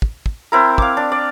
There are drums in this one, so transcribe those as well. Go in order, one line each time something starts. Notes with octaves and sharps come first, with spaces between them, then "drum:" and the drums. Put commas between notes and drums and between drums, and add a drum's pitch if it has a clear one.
drum: kick
drum: kick
C4 E4 A#4
F5 D6, drum: kick
D4
D5